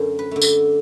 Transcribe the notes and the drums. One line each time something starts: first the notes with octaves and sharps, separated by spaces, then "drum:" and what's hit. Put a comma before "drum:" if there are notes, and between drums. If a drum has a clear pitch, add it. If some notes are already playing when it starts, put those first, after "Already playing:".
Already playing: F#2 D3 A3
B4
D3 A3
drum: tambourine